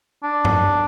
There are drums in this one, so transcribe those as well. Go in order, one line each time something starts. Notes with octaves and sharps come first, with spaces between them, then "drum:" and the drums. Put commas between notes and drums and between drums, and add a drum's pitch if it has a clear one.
D4
drum: tom G2